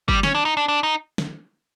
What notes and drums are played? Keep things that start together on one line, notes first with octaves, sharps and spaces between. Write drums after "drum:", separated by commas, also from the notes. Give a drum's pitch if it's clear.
G3, drum: kick
C#4, drum: snare
D4
D#4
D4
D4
D#4
drum: snare